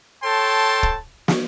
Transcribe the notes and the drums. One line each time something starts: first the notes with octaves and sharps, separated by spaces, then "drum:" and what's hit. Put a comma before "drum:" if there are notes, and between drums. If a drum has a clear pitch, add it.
A4 C#5 G5 A5 C6
drum: kick
drum: snare